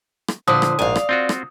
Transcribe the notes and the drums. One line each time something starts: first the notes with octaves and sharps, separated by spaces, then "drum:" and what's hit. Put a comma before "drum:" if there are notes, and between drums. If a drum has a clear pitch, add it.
drum: rim click
A#2 D3 F3 B4 C5 D#6
drum: rim click
A#1 G#2 D5 F5 G#5
drum: rim click
C4 F4 F#4
drum: rim click